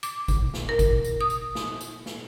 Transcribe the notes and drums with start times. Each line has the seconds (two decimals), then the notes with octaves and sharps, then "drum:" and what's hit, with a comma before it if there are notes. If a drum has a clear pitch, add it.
0.03 D6, drum: tambourine
0.28 drum: kick, tambourine
0.54 drum: snare
0.69 A#4
0.79 drum: kick, tambourine
1.05 drum: tambourine
1.21 D#6
1.30 drum: tambourine
1.55 drum: snare
1.81 drum: tambourine
2.06 drum: snare